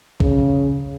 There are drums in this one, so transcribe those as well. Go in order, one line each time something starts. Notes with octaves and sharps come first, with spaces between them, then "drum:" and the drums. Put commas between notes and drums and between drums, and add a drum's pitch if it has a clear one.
C#3, drum: kick B1